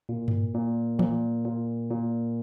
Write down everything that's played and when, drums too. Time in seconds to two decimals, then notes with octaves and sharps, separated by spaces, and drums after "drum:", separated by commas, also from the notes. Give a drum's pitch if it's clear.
0.09 A#2
0.28 drum: tom G2
0.55 A#2
0.99 A#2, drum: tom E3
1.45 A#2
1.90 A#2